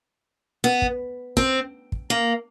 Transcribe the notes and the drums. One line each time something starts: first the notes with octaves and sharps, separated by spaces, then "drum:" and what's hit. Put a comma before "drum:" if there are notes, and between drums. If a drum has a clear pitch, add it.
B3
drum: kick
C4, drum: kick
drum: kick
A#3